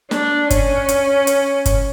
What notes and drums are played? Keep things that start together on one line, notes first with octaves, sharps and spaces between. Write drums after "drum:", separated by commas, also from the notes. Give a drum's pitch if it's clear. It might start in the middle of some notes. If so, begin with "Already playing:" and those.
D4, drum: snare
C#4, drum: kick F#1, hi-hat
drum: hi-hat
drum: hi-hat
drum: kick F#1, hi-hat